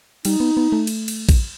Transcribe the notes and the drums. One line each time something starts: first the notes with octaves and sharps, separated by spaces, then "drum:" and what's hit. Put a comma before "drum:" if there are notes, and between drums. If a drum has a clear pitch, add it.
G3 D#4, drum: cymbal
B3
B3
A3
drum: cymbal
drum: cymbal
drum: kick, cymbal